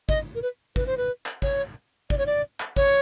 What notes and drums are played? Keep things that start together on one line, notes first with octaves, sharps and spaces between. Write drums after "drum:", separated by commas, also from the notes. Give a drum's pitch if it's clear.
D#5, drum: kick
A#4
B4
B4, drum: kick
C5
B4
drum: clap
C#5, drum: kick
D5, drum: kick
C#5
D5
drum: clap
C#5, drum: kick